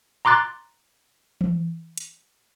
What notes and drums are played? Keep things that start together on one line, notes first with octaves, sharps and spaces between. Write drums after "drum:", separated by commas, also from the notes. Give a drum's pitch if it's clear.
A#5 C6 D6 F#6 A6
drum: tom E3
drum: hi-hat